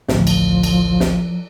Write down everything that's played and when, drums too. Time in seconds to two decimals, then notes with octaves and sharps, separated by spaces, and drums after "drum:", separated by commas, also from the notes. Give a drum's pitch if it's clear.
0.08 A1 D2 F3, drum: snare
0.27 drum: cymbal
0.63 drum: cymbal
1.00 drum: snare